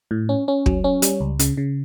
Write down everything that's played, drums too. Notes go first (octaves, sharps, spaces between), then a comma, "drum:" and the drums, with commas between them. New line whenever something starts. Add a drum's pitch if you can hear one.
A2
C#4
C#4
F#3, drum: kick
C#4
G3, drum: hi-hat
C#2
C#3, drum: hi-hat
C#3